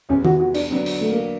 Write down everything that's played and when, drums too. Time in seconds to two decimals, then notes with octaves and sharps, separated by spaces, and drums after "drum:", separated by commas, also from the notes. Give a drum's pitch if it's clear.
0.09 E2 C3 E3 G#3 B3 C#4
0.25 F#4, drum: tom D#3
0.40 F#4
0.54 D4, drum: cymbal
0.71 D3 F#3 B3 C4 D4
0.86 drum: cymbal
1.01 A3
1.10 A#3